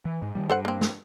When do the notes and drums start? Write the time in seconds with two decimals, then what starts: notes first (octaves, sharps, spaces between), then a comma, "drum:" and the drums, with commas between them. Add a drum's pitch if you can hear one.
0.05 E3
0.22 G#2
0.35 D#3 E3 G3
0.50 G2 A4 C5 F#5
0.65 A#3 C4
0.81 drum: snare